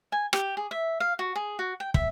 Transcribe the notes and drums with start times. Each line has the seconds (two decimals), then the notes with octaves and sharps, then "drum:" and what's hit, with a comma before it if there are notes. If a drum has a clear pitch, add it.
0.12 G#5
0.33 G4, drum: rim click
0.57 G#4
0.71 E5
1.00 F5
1.19 F#4
1.36 G#4
1.59 F#4
1.80 G5
1.94 E5, drum: kick